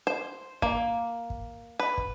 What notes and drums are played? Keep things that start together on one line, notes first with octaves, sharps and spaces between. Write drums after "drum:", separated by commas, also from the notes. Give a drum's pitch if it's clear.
C5
A#3, drum: kick
drum: kick
B4
drum: kick